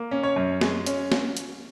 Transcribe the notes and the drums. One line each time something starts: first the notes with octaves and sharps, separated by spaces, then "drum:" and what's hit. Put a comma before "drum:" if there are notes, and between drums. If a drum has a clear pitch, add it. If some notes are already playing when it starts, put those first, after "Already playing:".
Already playing: A#3
C#4
C#5
F#2
G#3, drum: snare
C#4, drum: hi-hat
drum: snare
drum: hi-hat